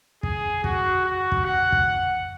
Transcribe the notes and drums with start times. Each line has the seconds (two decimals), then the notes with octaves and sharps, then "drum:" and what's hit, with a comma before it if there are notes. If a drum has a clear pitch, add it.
0.23 G#4, drum: kick
0.64 F#4, drum: kick
1.05 F#4
1.32 drum: kick
1.45 F#5
1.72 drum: kick